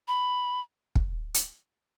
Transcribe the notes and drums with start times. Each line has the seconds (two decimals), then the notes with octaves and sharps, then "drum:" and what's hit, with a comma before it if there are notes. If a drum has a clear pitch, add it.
0.08 B5
0.95 drum: kick
1.34 drum: hi-hat